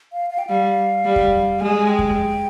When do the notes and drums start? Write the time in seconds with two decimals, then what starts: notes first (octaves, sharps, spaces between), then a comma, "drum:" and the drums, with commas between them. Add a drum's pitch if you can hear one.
0.12 F5
0.30 F5
0.38 G5
0.47 G3 F5
1.05 G3
1.16 drum: kick F2
1.61 G#3 G#5
1.79 G#5
1.89 G5
1.99 drum: kick F2